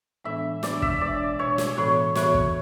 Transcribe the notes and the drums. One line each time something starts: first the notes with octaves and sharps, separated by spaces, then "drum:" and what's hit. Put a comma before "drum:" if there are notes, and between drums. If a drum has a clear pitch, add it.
A2 E3 G#3 B3 D4 E5
A2 E3 G#3 B3 D4 D5, drum: snare
E5, drum: kick
B2 G#3 D4 D5
B2 G#3 D4 C#5
drum: snare
A2 E3 B3 F#4 C#5
A2 E3 B3 F#4 C#5, drum: snare
drum: kick